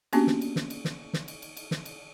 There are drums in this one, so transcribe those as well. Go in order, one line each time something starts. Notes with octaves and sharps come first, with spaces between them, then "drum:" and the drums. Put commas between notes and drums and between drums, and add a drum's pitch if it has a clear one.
A#3 B3 C#4 D4 F#4 G4, drum: cymbal
drum: snare
drum: cymbal
drum: snare
drum: cymbal
drum: snare
drum: snare
drum: cymbal
drum: cymbal
drum: cymbal
drum: snare
drum: cymbal